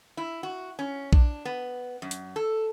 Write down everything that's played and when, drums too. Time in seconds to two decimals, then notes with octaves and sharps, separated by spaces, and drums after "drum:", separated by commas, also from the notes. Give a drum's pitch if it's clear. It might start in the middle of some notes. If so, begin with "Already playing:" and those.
0.17 E4
0.43 F#4
0.79 C#4
1.13 D4, drum: kick A#1
1.45 B3
2.02 F#2
2.11 drum: hi-hat
2.36 A4